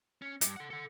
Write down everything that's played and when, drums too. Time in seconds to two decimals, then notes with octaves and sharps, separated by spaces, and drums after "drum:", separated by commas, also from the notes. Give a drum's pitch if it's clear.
0.22 C#4
0.41 G2, drum: hi-hat
0.57 A4 F#5
0.70 A4 F#5